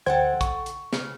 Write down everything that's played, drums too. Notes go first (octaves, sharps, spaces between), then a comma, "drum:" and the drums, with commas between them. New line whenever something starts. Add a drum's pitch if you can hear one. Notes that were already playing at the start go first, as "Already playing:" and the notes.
D2 A4 C5 F#5 G5 G#6
C#6, drum: kick, hi-hat
drum: hi-hat
C#3, drum: snare